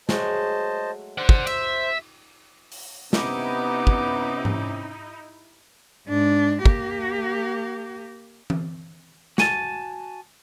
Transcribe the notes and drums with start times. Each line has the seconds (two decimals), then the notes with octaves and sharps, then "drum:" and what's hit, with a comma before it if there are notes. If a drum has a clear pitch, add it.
0.09 F#3 G#3 A3 C5 D#5 A5, drum: snare
1.18 C5 D5 F#5
1.29 drum: kick
1.47 E5, drum: cymbal
2.72 drum: open hi-hat
3.13 C3 B3 C#4 D#4 E4 G4 D6, drum: snare
3.87 drum: kick
4.45 drum: tom G#2
6.07 G#2 D4
6.66 A#3 G4, drum: kick
8.50 drum: tom E3
9.38 F#4 G#5 A5, drum: snare